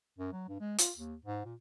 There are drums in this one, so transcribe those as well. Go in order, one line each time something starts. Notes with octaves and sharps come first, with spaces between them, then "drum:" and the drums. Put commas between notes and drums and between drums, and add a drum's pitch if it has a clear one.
F#2
F#3
G2
G#3
F4, drum: hi-hat
D#2
G#2
A#2